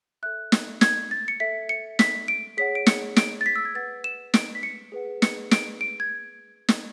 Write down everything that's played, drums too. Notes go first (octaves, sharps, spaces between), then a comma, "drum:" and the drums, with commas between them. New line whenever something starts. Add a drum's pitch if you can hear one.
A4 E5 F#6
drum: snare
G#6, drum: snare
A6
C#7
A4 E5 B6
C#7
B6, drum: snare
D7
G#4 C#5 F#5 B6
D7
C#7, drum: snare
D7, drum: snare
A6
B6
E6
G#6
B4 F#5 A6
E7
D7, drum: snare
B6
C#7
G#4 B4 F#5
C#7, drum: snare
D7, drum: snare
D7
G#6
drum: snare